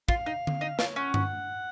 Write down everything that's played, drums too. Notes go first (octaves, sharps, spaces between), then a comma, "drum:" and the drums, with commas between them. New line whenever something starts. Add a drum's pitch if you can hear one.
F4 F5, drum: kick
D#4
drum: tom D3
D#4
F4 C#5, drum: snare
C#4 F#5
F#5, drum: tom G2